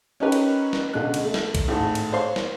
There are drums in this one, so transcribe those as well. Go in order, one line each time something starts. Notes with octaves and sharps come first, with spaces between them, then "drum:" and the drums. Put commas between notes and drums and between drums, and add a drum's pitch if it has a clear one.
C#4 D#4 G4 A#4 B4 C#5
drum: cymbal
drum: snare
C#2 B2 D3 G#3 F#6
drum: cymbal
A3
drum: snare
drum: kick, cymbal
G#1 A2
drum: cymbal
C5 C#5 F5 C6
drum: snare